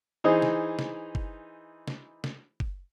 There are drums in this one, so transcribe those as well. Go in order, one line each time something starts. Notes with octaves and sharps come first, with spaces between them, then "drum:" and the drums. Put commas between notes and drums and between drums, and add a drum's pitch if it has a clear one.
E3 D#4 G#4 C5
drum: snare
drum: snare
drum: kick F#1
drum: snare
drum: snare
drum: kick F#1